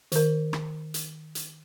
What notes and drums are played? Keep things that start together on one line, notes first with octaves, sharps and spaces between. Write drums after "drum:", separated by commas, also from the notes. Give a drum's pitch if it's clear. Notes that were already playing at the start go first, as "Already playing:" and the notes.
D#3 A#4, drum: hi-hat
drum: rim click
drum: hi-hat
drum: hi-hat